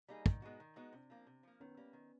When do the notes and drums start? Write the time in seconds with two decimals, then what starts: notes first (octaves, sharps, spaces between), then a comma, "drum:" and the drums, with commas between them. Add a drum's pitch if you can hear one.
0.08 G3 A#3 D#4 G#4
0.26 D#3, drum: kick
0.42 G#3 B3 D#4 F#4
0.60 D#3
0.76 G#3 B3 D#4 F#4
0.93 C3 C4 D4
1.10 F3 A#3
1.27 C3
1.43 F3 A#3
1.60 D#3 B3 C#4
1.77 G3 A#3
1.93 D#3